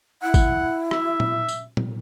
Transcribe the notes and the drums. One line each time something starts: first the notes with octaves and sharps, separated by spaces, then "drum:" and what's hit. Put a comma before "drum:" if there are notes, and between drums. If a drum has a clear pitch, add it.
E4 F#5
drum: kick, tambourine
E5, drum: rim click
drum: tom
drum: tambourine
drum: tom